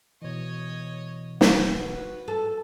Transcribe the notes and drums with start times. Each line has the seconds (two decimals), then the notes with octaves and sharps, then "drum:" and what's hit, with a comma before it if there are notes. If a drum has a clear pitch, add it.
0.22 B2 E3 C#5 D#5
1.41 F#4 B4, drum: snare
2.28 A4